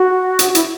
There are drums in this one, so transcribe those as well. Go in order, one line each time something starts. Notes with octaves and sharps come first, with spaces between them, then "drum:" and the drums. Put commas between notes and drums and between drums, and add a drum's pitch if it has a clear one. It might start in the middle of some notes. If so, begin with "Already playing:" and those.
Already playing: F#4
drum: hi-hat
E4, drum: hi-hat